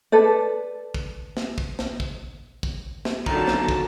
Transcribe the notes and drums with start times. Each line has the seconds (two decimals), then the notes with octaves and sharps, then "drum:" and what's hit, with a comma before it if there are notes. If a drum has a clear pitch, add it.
0.12 A4 B4 D5
0.94 drum: kick
1.37 drum: snare
1.58 drum: kick
1.79 drum: snare
2.00 drum: kick
2.63 drum: kick
3.05 drum: snare
3.26 F#2 D3 D#3 F#3 A5 A#5, drum: kick
3.47 drum: snare
3.69 drum: kick